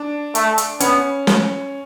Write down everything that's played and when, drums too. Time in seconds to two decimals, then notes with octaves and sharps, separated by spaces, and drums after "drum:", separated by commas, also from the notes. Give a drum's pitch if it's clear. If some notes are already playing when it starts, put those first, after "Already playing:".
Already playing: D4
0.35 A3, drum: hi-hat
0.58 drum: hi-hat
0.80 B3 C#4, drum: hi-hat
1.27 drum: snare